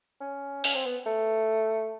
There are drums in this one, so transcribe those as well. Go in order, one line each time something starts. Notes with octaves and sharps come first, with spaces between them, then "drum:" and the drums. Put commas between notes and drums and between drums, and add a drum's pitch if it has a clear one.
C#4
C#4, drum: open hi-hat
C4
B3
A3